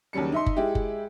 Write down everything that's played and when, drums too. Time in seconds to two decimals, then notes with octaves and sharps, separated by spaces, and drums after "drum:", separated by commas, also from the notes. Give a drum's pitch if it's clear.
0.13 D#2 C#3 F#3 G3 C#7
0.32 D#4 E5 C6
0.46 drum: kick F#1
0.56 G#3 E4 G4
0.75 drum: kick F#1